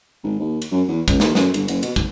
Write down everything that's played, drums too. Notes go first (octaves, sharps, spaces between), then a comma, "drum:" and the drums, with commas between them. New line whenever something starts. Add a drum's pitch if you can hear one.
G#1
D#2
drum: cymbal
F#2
E2
C#2, drum: kick, cymbal
D#2, drum: snare
F#2, drum: snare
G1, drum: cymbal
F#1, drum: cymbal
B2, drum: cymbal
G#1, drum: kick